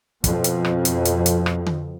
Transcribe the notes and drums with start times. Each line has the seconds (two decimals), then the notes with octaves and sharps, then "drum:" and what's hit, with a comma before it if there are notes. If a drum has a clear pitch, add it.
0.24 F2 B2, drum: kick, hi-hat
0.44 drum: hi-hat
0.65 drum: rim click
0.85 drum: hi-hat
1.05 drum: hi-hat
1.26 drum: hi-hat
1.46 drum: rim click
1.66 drum: tom D3